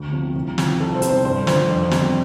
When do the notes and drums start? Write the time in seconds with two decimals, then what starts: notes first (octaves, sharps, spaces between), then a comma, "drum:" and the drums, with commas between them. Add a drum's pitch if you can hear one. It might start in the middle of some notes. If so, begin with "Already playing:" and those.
Already playing: D2
0.12 C3 F3
0.35 C2
0.58 C3 F3, drum: snare
0.80 C2 A4
0.95 C5
1.02 C3 G3, drum: hi-hat
1.10 C5
1.25 G2 C5
1.47 D3 F3, drum: snare
1.69 F2
1.91 C3 G3, drum: snare